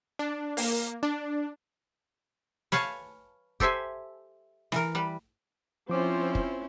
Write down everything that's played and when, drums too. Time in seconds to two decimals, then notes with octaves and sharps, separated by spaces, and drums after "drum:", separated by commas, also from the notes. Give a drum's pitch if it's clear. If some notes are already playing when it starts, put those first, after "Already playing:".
0.19 D4
0.57 A#3, drum: open hi-hat
1.03 D4
2.72 B4 C#5 F5 G#5 A5, drum: snare
3.60 G4 A4 C5 E5 G#5, drum: kick
4.72 E3 A#4, drum: snare
4.95 G3 B4
5.90 F3 C4 C#4 E4 F4 C5 D6
6.35 drum: kick